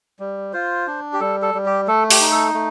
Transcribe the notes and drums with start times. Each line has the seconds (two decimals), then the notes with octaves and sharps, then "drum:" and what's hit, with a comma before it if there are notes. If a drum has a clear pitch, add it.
0.19 G3
0.53 F4 C5
0.87 D4
1.13 G4
1.20 G3 A4
1.42 A4
1.54 G3
1.66 G4
1.87 A3 A4
2.11 G4, drum: open hi-hat
2.21 D#4
2.32 A4
2.54 A3